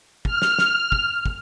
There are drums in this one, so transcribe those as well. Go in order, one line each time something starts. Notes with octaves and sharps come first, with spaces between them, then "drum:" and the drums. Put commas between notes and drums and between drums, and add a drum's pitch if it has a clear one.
F6, drum: kick
drum: snare
drum: snare
drum: kick
drum: kick